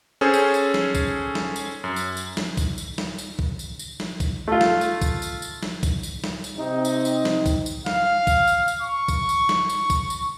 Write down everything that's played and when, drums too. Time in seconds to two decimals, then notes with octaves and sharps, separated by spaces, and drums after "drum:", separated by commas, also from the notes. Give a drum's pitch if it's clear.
0.21 C#4 G#4 A4 C5
0.34 drum: tambourine
0.54 drum: tambourine
0.74 drum: snare
0.95 drum: kick, tambourine
1.35 drum: snare
1.56 drum: tambourine
1.84 F#2
1.96 drum: tambourine
2.17 drum: tambourine
2.37 drum: snare
2.57 drum: kick, tambourine
2.78 drum: tambourine
2.98 drum: snare
3.18 drum: tambourine
3.39 drum: kick
3.59 drum: tambourine
3.79 drum: tambourine
4.00 drum: snare
4.20 drum: kick, tambourine
4.48 A3 F4
4.61 drum: snare
4.81 drum: tambourine
5.02 drum: kick, tambourine
5.22 drum: tambourine
5.42 drum: tambourine
5.63 drum: snare
5.83 drum: kick, tambourine
6.03 drum: tambourine
6.24 drum: snare
6.44 drum: tambourine
6.56 C3 C4 D#4
6.85 drum: tambourine
7.05 drum: tambourine
7.25 drum: snare
7.46 drum: kick, tambourine
7.66 drum: tambourine
7.86 F5, drum: snare
8.27 drum: kick, tambourine
8.47 drum: tambourine
8.68 drum: tambourine
8.82 C#6
9.08 drum: kick, tambourine
9.29 drum: tambourine
9.49 drum: snare
9.69 drum: tambourine
9.90 drum: kick, tambourine
10.10 drum: tambourine